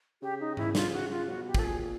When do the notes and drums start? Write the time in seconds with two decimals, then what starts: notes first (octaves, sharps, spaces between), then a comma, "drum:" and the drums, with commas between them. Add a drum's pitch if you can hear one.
0.22 C#3 G4
0.40 D#4
0.57 E4, drum: tom G#2
0.75 F4, drum: snare
0.93 F#4
1.10 F4
1.28 B2 F#4
1.47 G4
1.55 A#2 A4, drum: kick
1.64 G#4